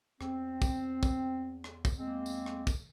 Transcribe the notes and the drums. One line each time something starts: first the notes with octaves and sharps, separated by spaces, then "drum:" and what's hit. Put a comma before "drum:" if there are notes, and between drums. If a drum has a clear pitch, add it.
E2 C4, drum: rim click
drum: kick, tambourine
drum: kick, tambourine
drum: rim click
drum: kick, tambourine
G#3 A#3 C4
drum: tambourine
drum: rim click
drum: kick, tambourine